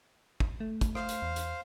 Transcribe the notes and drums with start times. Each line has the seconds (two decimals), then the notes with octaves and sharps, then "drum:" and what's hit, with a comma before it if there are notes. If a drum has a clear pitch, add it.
0.40 drum: kick
0.60 A3
0.81 drum: kick, hi-hat
0.95 C5 F5, drum: rim click
1.09 drum: hi-hat
1.22 E2
1.36 drum: hi-hat